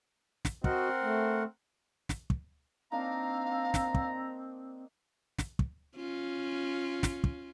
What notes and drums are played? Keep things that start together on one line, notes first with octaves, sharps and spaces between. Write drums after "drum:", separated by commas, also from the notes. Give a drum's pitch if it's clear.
drum: snare
C4 F#4 A#4 D#5 F#5, drum: kick
A3
drum: snare
drum: kick
A#3 C4 D4 D#4 F5 A#5
drum: snare
drum: kick
drum: snare
drum: kick
C#4 F4
drum: snare
drum: kick